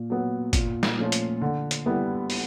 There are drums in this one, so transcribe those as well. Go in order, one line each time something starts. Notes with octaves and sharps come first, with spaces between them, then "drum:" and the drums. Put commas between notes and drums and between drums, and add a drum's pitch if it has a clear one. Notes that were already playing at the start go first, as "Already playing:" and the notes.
Already playing: A#2
F#3 B3
A#2, drum: kick, hi-hat
drum: snare
F3 A3 C#4 F4
drum: hi-hat
D3
drum: hi-hat
G3 B3 E4
drum: open hi-hat